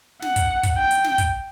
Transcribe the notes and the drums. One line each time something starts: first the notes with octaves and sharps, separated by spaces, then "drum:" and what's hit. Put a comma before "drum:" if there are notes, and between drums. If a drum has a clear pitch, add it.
F#5, drum: snare
drum: kick, hi-hat
drum: kick, hi-hat
G5
drum: hi-hat
drum: snare
drum: kick, hi-hat